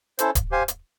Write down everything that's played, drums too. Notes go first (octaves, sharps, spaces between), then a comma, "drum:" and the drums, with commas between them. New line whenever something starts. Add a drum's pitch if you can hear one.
C#4 E4 A4 C5, drum: hi-hat
drum: kick D1, hi-hat
G4 C5 F5 G#5
drum: hi-hat